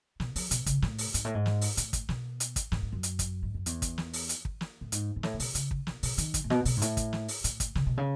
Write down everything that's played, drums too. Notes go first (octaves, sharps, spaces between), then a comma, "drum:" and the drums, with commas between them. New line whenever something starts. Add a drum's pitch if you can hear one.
B2, drum: snare
F#3, drum: open hi-hat
B2, drum: hi-hat
C#3, drum: kick, hi-hat
A2, drum: snare
drum: open hi-hat
G#2, drum: hi-hat
A2
G#2
drum: snare
drum: open hi-hat
A2, drum: hi-hat
drum: kick, hi-hat
B2, drum: snare
drum: hi-hat
drum: kick, hi-hat
A2, drum: snare
G#2
F#2
drum: hi-hat
drum: kick, hi-hat
G#2
F#2
E2, drum: hi-hat
drum: kick, hi-hat
drum: snare
drum: open hi-hat
drum: hi-hat
drum: kick
drum: snare
A2
G#2, drum: hi-hat
G#2
A2, drum: snare
C#3
B2, drum: open hi-hat
C#3, drum: hi-hat
drum: kick
B2, drum: snare
B2, drum: open hi-hat
D#3, drum: hi-hat
drum: kick, hi-hat
A2
B2, drum: snare
B2, drum: open hi-hat
G#2
A2, drum: hi-hat
drum: kick, hi-hat
drum: snare
drum: open hi-hat
A2, drum: hi-hat
drum: kick, hi-hat
C#3, drum: snare
B2
C#3